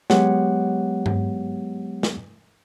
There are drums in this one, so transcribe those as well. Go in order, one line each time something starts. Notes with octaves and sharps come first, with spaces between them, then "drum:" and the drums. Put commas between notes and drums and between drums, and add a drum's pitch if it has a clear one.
F#3 G#3 B3 G4 C#5 F#5, drum: snare
drum: tom G2
drum: snare